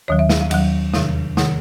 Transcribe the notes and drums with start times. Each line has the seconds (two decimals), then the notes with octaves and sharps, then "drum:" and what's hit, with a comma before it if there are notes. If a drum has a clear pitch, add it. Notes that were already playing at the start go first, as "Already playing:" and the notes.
0.08 D#2 D#3 F#3 C#5
0.19 E5
0.29 F5, drum: snare
0.41 F5
0.51 D#2 D#3 F#3 F#5, drum: cymbal
0.93 E2 C3 D#3 F5, drum: snare
1.37 C3 D#3 F#5, drum: snare